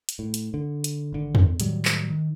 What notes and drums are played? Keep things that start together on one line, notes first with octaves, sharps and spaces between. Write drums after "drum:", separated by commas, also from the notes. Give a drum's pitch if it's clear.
drum: hi-hat
A2
drum: hi-hat
D3
drum: hi-hat
G#1 D3
drum: tom E2
A2 D#3 F#3 G3, drum: hi-hat
drum: clap
D#3